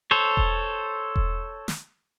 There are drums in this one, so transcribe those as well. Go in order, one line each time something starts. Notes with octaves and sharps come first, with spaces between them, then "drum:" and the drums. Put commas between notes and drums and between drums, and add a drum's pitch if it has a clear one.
A4 C5 C#5
drum: kick E1
drum: kick E1
drum: snare